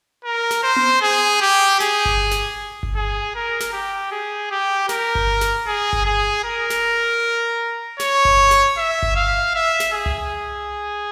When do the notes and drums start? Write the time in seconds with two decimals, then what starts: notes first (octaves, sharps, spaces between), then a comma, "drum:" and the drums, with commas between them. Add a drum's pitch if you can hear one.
0.24 A#4
0.51 drum: snare
0.63 C5
0.76 drum: tom B3
1.02 G#4
1.41 G4
1.80 G#4, drum: snare
2.05 drum: kick G1
2.31 drum: snare
2.83 drum: kick G1
2.96 G#4
3.35 A#4
3.60 drum: snare
3.73 G4
4.11 G#4
4.51 G4
4.89 A#4, drum: snare
5.15 drum: kick G1
5.41 drum: snare
5.67 G#4
5.93 drum: kick G1
6.05 G#4
6.44 A#4
6.70 drum: snare
8.00 C#5, drum: snare
8.25 drum: kick G1
8.51 drum: snare
8.77 E5
9.03 drum: kick G1
9.16 F5
9.55 E5
9.80 drum: snare
9.93 G#4
10.06 drum: tom C2